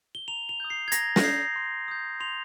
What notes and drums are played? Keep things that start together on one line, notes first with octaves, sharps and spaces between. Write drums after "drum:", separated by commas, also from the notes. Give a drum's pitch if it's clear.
G7
A#5 F7
F7
D#6 G6
C7
G#6
A#5 A#6, drum: hi-hat
A#6, drum: snare
D#6 G6 C7
C6
D#6 G6
C6 F7